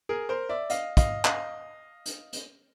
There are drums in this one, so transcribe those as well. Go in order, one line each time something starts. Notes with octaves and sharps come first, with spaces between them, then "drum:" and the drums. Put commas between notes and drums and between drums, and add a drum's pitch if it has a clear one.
G#4 A#4
A#4 C5
D5 E5
D#5 F5, drum: hi-hat
D#5 F5, drum: kick, hi-hat
D#5 F5, drum: clap
drum: hi-hat
drum: hi-hat